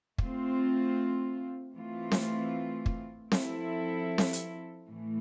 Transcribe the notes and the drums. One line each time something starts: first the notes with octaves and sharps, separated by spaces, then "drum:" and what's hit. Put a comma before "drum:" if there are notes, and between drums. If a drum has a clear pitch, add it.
A3 C4 F4, drum: kick
E3 A3 C4 F4
drum: snare C4
drum: kick
F3 C4 E4 A4, drum: snare C4
drum: snare C4
drum: hi-hat
A2 E3 A3